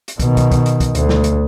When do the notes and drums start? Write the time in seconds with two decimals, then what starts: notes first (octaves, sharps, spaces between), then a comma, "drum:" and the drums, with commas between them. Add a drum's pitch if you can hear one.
0.08 drum: hi-hat
0.20 B2 D#3, drum: kick, hi-hat
0.37 drum: kick, hi-hat
0.51 drum: kick, hi-hat
0.66 drum: hi-hat
0.80 drum: kick, hi-hat
0.95 D2, drum: hi-hat
1.09 drum: snare
1.24 drum: hi-hat